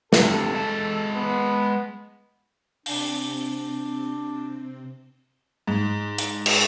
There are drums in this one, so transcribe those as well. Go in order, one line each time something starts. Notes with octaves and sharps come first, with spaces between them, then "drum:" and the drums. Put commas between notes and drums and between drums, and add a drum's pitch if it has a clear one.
G2 C3 A4, drum: snare
G#3 A5
B3
C3 C4 D4, drum: open hi-hat
G#2
drum: hi-hat
drum: cymbal